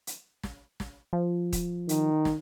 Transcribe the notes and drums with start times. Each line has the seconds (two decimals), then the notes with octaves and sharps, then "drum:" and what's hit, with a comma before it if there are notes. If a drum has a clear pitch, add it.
0.07 drum: hi-hat
0.43 drum: snare
0.80 drum: snare
1.13 F3
1.53 drum: kick D#1, hi-hat
1.89 D#3, drum: hi-hat
2.25 drum: snare